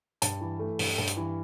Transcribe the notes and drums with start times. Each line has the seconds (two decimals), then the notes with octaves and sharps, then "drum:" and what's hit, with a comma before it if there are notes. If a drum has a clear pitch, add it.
0.22 G2 A5, drum: hi-hat
0.41 E3
0.59 A3
0.79 G2, drum: open hi-hat
0.98 G2
1.07 drum: hi-hat
1.17 E3